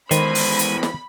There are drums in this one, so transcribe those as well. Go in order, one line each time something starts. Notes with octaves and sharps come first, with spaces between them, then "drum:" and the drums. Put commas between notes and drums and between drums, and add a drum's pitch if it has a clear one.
E2 D#3 G#3 C5 B5, drum: hi-hat
drum: open hi-hat
drum: hi-hat
drum: snare